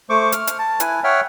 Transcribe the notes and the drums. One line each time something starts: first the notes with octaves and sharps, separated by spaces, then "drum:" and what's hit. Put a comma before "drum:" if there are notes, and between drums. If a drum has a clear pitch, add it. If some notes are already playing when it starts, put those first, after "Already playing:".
A3 C5 C#6 D6
F6, drum: hi-hat
drum: hi-hat
A5
E4 B4 G#5, drum: hi-hat
C#5 E5 F#5 G5 F6